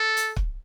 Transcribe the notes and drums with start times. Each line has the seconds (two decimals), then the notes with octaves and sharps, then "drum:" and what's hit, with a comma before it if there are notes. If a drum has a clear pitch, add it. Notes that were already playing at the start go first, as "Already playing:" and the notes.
Already playing: A4
0.17 drum: hi-hat
0.36 drum: kick